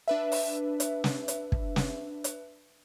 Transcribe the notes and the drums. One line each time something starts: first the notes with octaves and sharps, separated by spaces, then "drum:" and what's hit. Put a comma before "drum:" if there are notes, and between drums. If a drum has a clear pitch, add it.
D4 B4 E5
drum: open hi-hat
drum: hi-hat
drum: snare
drum: hi-hat
drum: kick
drum: snare
drum: hi-hat